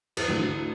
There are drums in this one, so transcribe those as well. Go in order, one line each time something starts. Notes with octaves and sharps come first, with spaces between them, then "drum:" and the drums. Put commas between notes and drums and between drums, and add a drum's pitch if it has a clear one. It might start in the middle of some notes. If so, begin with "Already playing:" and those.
E2 E3, drum: cymbal
D2 D3
D2 D3